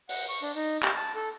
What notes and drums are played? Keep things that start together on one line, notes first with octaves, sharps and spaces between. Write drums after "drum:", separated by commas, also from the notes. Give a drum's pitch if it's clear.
F#5, drum: open hi-hat
C#6
D4
D#4
G4, drum: clap
A5
A4